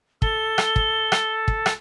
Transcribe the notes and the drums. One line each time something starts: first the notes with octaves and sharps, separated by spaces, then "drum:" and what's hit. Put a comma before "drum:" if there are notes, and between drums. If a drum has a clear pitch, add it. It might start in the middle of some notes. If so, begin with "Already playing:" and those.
A4 G7, drum: kick
drum: rim click
drum: kick
drum: rim click
drum: kick
drum: rim click